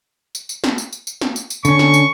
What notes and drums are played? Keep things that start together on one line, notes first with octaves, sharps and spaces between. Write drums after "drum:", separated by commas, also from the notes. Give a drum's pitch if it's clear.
drum: tambourine
drum: tambourine
drum: snare
drum: tambourine
drum: tambourine
drum: tambourine
drum: snare
drum: tambourine
drum: tambourine
D3 C#4 C#6, drum: tambourine
drum: snare
drum: tambourine